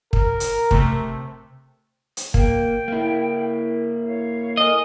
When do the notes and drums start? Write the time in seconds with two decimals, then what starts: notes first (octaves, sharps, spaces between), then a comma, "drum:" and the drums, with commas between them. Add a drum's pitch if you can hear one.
0.13 A#4, drum: kick
0.40 drum: hi-hat
0.71 C3 A3, drum: kick
2.17 drum: hi-hat
2.34 A#3 G5, drum: kick
2.88 A#3 E4
4.03 C#5 F5
4.57 A4 A#4 D#5 G#5